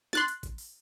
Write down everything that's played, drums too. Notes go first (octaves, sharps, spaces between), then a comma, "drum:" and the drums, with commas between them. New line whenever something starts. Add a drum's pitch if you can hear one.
C6 F#6 A6, drum: snare
drum: hi-hat
drum: kick A1, hi-hat
drum: open hi-hat